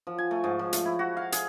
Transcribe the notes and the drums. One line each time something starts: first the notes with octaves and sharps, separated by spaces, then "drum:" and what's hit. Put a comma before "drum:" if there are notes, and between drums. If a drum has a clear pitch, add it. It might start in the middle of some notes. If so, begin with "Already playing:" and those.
F3
G#5
A3
G#2
F3
A3, drum: hi-hat
E4
F#4
F5
G#4, drum: hi-hat